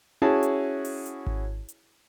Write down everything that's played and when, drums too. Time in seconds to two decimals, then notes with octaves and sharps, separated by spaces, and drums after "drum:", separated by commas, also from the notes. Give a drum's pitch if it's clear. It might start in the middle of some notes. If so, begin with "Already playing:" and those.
0.22 C#4 E4 F#4 G#4 C#5 A5
0.43 drum: hi-hat
0.85 drum: open hi-hat
1.06 drum: hi-hat
1.27 drum: kick G#1
1.68 drum: hi-hat